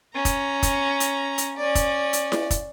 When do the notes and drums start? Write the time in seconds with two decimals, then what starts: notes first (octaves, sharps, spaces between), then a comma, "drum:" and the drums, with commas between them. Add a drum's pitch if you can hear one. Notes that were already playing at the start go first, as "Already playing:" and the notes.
0.14 C#4 A#5
0.25 drum: kick, hi-hat
0.63 drum: kick, hi-hat
1.00 drum: hi-hat
1.38 drum: hi-hat
1.57 C#4 D5
1.75 drum: kick, hi-hat
2.13 drum: hi-hat
2.32 drum: snare E4
2.51 drum: kick, hi-hat